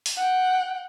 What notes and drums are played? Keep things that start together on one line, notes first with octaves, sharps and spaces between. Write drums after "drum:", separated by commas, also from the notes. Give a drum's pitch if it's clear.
drum: open hi-hat
F#5 G5